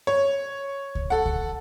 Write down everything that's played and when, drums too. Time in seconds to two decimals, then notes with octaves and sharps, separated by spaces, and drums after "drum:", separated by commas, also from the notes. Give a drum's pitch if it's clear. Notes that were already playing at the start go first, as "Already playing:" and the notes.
0.07 C#5
0.95 drum: kick C#2
1.10 A4 F#5
1.26 drum: kick C#2